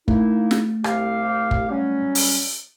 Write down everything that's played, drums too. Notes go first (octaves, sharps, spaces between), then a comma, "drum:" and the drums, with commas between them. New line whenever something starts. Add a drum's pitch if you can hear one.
A3 A#3 D#4 E4, drum: kick
drum: snare
C2 G4 F5, drum: rim click
drum: kick
F#3 G3 C#4
drum: open hi-hat